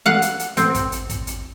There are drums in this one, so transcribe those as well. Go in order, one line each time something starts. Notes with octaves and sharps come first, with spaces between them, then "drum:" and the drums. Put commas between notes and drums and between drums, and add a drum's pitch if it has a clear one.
F5 F#5
drum: hi-hat
drum: hi-hat
C4, drum: hi-hat
drum: kick, hi-hat
drum: hi-hat
drum: kick, hi-hat
drum: hi-hat